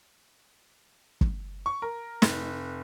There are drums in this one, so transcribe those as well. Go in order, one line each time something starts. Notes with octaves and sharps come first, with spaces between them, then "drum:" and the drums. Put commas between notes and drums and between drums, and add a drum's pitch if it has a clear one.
drum: kick
C#6
A#4
F1, drum: snare